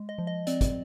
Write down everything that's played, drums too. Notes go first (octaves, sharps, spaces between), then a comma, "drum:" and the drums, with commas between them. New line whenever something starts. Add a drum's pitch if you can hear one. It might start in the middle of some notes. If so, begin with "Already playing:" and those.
Already playing: G#3
D#5
F3
D#5
C4 D5, drum: hi-hat
drum: kick, hi-hat